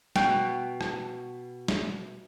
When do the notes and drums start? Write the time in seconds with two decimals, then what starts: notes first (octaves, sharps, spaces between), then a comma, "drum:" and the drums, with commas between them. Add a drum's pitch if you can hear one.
0.16 B2 G5, drum: snare
0.81 drum: rim click
1.68 drum: snare